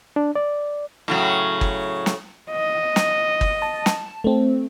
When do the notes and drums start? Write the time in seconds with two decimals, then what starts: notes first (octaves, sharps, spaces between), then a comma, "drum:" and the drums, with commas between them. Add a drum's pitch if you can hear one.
0.16 D4
0.35 D5
1.08 A2 C#3 F#3
1.61 drum: kick G1
2.06 drum: snare
2.51 D#5
2.96 drum: snare
3.41 drum: kick G1
3.62 A5
3.86 drum: snare
4.24 A3 C4